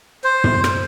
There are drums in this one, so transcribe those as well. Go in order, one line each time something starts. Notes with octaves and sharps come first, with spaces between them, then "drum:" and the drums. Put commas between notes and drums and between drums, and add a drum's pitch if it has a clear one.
C5
drum: tom
drum: rim click